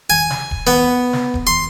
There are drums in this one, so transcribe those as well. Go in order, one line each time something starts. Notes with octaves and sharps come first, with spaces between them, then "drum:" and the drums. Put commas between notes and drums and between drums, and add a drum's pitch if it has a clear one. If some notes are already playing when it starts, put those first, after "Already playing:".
G#5
drum: snare
drum: kick D#1
B3
drum: snare
drum: kick D#1
C6